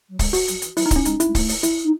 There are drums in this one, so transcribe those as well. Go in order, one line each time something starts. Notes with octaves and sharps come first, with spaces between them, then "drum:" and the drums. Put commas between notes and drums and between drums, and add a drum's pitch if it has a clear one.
F#3
G#3, drum: kick C#1, open hi-hat
F#4, drum: open hi-hat
F#3, drum: hi-hat
E3, drum: hi-hat
F#3 E4, drum: open hi-hat
D#4
E3, drum: kick C#1, hi-hat
C#4
G#3 D#4, drum: hi-hat
E4, drum: hi-hat
G#3
A3, drum: kick C#1, open hi-hat
drum: open hi-hat
E4, drum: hi-hat
D#4